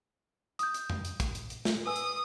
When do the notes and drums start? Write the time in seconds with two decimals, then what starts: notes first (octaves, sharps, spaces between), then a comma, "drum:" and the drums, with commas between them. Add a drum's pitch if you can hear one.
0.59 D#6 G6, drum: hi-hat
0.74 drum: hi-hat
0.90 drum: tom F2
1.05 drum: hi-hat
1.20 drum: kick, hi-hat
1.35 drum: hi-hat
1.50 drum: hi-hat
1.65 drum: snare
1.86 B4 G#5 D#6 E6
1.96 drum: hi-hat